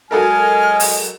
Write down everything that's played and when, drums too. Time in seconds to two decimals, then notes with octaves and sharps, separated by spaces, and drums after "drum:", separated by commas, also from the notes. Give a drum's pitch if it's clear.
0.11 F#3 G#3 F#4 A4 A#4 G#5 F6
0.80 drum: open hi-hat